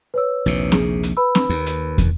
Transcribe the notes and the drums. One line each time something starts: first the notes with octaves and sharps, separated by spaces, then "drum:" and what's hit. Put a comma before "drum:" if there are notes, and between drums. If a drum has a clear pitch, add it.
B4 C#5 E6
A#1 D#2 C3
G#4, drum: snare C4
drum: hi-hat
B4 B5 E6
drum: snare C4
D#2
drum: hi-hat
drum: kick, hi-hat